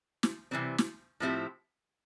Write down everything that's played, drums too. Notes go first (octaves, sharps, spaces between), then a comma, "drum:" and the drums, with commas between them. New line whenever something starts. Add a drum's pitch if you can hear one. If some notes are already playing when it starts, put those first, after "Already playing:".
drum: snare
C3 E3 G3 C4
drum: snare
A2 F3 C4 E4 G4